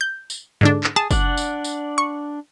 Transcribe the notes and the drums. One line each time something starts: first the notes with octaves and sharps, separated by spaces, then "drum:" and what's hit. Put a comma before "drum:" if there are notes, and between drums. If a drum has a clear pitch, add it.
G6
drum: tambourine
G#2 D3 D4
drum: clap
G#4 A5
D4 D5 F#5, drum: kick, tambourine
drum: tambourine
drum: tambourine
C#6